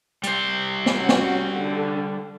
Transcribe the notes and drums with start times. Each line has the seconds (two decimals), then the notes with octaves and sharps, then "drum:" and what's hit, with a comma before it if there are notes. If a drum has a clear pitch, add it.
0.23 G3 C5, drum: hi-hat
0.86 drum: snare
0.98 C#4 F#4
1.09 drum: snare
1.58 D3